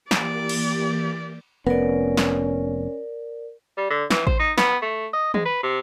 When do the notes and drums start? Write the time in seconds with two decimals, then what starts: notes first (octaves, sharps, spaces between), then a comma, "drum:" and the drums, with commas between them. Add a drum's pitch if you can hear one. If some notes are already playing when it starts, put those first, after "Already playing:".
0.11 E3 A#3 G4 D5, drum: snare
0.49 drum: cymbal
1.67 F1 B3 C#4 A#4 D5
2.17 drum: snare
3.78 G3
3.90 D3
4.11 E3, drum: snare
4.27 C5, drum: kick A1
4.39 D#4
4.58 B3, drum: snare
4.82 A3
5.14 D#5
5.34 G#3, drum: tom
5.46 B4
5.63 C3